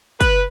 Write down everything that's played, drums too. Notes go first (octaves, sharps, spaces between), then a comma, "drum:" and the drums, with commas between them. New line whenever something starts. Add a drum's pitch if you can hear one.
B4, drum: kick, hi-hat